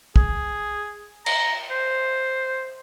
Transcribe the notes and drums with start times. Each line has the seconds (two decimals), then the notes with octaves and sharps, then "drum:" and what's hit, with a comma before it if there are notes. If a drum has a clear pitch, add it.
0.16 G#4, drum: kick
1.26 A#5, drum: cymbal
1.70 C5